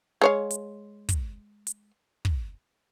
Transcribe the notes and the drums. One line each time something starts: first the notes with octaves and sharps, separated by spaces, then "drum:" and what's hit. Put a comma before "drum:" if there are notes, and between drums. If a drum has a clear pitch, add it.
G#3 C#5 F5
drum: hi-hat
drum: kick, hi-hat
drum: hi-hat
drum: kick